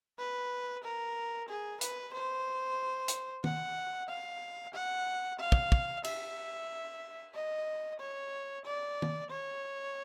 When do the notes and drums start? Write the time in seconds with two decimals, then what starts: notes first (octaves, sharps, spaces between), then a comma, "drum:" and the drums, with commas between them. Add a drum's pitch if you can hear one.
0.18 B4
0.84 A#4
1.49 G#4
1.81 B4, drum: hi-hat
2.14 C5
3.08 drum: hi-hat
3.44 F#5, drum: tom
4.09 F5
4.74 F#5
5.39 F5
5.52 drum: kick
5.72 drum: kick
6.04 E5, drum: cymbal
7.34 D#5
8.00 C#5
8.65 D5
9.02 drum: tom
9.30 C#5